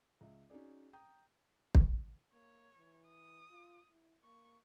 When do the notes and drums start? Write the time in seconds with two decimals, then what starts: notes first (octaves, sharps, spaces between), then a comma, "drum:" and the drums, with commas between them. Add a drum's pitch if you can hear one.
0.21 C#2 E5
0.50 C#4 D#4 F#4 G#4 D5
0.93 G5 A#5 D#6 G6
1.75 drum: kick
2.33 A#3 C#5
2.77 E3
3.08 D#6
3.50 F4
3.91 E4
4.24 A#3 C#6